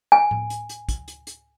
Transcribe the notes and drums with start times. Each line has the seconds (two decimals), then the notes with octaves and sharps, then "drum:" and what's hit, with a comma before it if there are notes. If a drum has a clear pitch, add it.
0.12 G#5
0.31 drum: tom A2
0.50 drum: hi-hat
0.69 drum: hi-hat
0.89 drum: kick, hi-hat
1.08 drum: hi-hat
1.27 drum: hi-hat